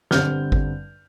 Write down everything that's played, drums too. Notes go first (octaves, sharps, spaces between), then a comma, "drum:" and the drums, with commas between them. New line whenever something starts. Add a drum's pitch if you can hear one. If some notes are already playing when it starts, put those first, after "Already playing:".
G1 G2 D3 G3 C4 F6 G6, drum: snare
drum: kick G#1